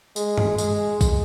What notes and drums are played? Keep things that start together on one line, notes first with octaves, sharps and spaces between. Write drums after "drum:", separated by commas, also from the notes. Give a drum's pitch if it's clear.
G#3, drum: tambourine
drum: tom G2
G#3, drum: tambourine
drum: kick, tambourine